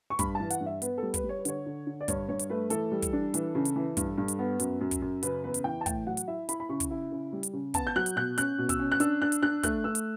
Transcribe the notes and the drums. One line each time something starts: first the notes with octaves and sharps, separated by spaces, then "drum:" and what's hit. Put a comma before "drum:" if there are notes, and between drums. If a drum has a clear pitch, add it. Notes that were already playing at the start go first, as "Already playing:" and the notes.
C#6
G2 B5, drum: kick, hi-hat
E3 A5
F#5, drum: hi-hat
G2
E5
B3 B4, drum: hi-hat
A4
G3
B4, drum: kick, hi-hat
G3
C#5
B4
D3 C#5, drum: hi-hat
D3
D3
D5
G2 C#5, drum: kick, hi-hat
G2 C#5
drum: hi-hat
A3 B4
E3 A4, drum: hi-hat
G3
drum: kick, hi-hat
D4
E3, drum: hi-hat
C#3
drum: hi-hat
E3
G2, drum: kick, hi-hat
G2
drum: hi-hat
B3
F#2, drum: hi-hat
F#2
drum: kick, hi-hat
F#2
C#3 B4, drum: hi-hat
E2 B4
drum: hi-hat
E3 G5
A5
A2 G5, drum: kick, hi-hat
F#3 F#5
drum: hi-hat
E4 E5
E4 B5, drum: hi-hat
B5
C#3 C#6
drum: kick, hi-hat
E4
C#3
G3
drum: hi-hat
C#3
B3 A5, drum: kick, hi-hat
G6
F#3 F#6
drum: hi-hat
B2 F#6
C#4 F#6, drum: hi-hat
B2
E6, drum: kick, hi-hat
C#4
F#6
D4 E6, drum: hi-hat
D4 F#6
drum: hi-hat
D4 F#6
A3 F#6, drum: kick, hi-hat
A3 E6
drum: hi-hat